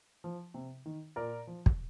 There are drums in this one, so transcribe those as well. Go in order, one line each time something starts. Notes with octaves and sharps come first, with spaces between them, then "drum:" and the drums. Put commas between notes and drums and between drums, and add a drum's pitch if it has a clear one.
F3
C3
D#3
A#2 A#4 D5
F3
drum: kick